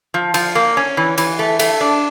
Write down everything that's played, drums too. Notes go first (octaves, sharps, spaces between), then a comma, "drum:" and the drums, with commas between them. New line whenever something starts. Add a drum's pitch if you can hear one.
F3
F3, drum: cymbal
A#3
C#4
E3
E3, drum: cymbal
A3
A3, drum: cymbal
D4